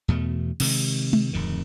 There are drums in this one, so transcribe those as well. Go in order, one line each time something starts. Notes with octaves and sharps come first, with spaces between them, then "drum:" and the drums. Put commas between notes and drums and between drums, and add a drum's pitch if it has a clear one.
E2 B2 A3
C3 D#3 G#3, drum: cymbal
drum: tom G#3
D1 F2 D#3